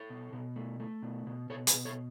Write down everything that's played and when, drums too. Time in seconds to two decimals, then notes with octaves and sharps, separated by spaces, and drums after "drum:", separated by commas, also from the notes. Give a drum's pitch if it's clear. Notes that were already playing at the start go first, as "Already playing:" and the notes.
Already playing: A4 C#5
0.10 B2
0.33 B2
0.56 A3
0.80 A3
1.02 B2
1.27 B2
1.50 B2 A4 C#5
1.67 G#4 B4, drum: hi-hat
1.73 B2
1.85 A4 C#5